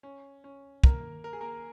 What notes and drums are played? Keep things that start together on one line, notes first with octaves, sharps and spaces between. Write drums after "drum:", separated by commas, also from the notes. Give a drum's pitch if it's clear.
C#4
C#4
A#3 A#4, drum: kick
A#4
G#4
A#3 A#4